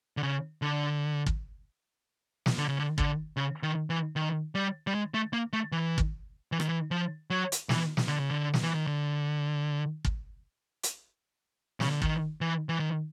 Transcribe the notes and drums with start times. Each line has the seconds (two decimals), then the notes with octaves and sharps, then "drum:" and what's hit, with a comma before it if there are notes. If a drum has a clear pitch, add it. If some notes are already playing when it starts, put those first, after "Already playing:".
0.17 D3
0.23 C#3
0.62 D3
1.26 drum: kick
2.46 drum: snare
2.58 D3
2.68 C#3
2.79 D3
2.98 D3, drum: kick
3.37 C#3
3.63 D#3
3.90 E3
4.16 D#3
4.55 G3
4.87 G3
4.95 G#3
5.14 A3
5.33 A#3
5.53 A3
5.72 E3
5.98 drum: kick
6.52 E3
6.60 D#3, drum: rim click
6.69 E3
6.91 F3
7.30 F#3
7.52 drum: hi-hat
7.69 E3, drum: snare
7.97 drum: snare
8.08 D3
8.19 C#3
8.31 D3
8.54 drum: snare
8.63 E3
8.75 D#3
8.87 D3
10.05 drum: kick
10.83 drum: hi-hat
11.80 C#3, drum: snare
11.91 D3
12.02 D#3, drum: kick
12.41 E3
12.69 E3
12.80 D#3